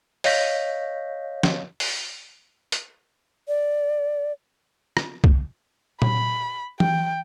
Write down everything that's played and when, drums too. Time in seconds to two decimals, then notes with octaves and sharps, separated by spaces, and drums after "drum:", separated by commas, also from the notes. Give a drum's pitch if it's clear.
0.24 C#5 D#5 F5 G6 A#6 B6, drum: open hi-hat
1.43 drum: snare
1.80 drum: open hi-hat
2.72 drum: hi-hat
3.48 D5
4.97 drum: rim click
5.24 drum: kick C2
6.02 B5, drum: tom A#2
6.80 G5, drum: tom E3